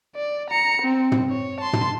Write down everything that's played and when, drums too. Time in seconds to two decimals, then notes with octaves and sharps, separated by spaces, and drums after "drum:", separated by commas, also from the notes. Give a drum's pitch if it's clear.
0.16 D5
0.50 A#5 C#7
0.82 C4
1.12 drum: tom
1.30 C#5
1.60 A5 C6
1.73 drum: tom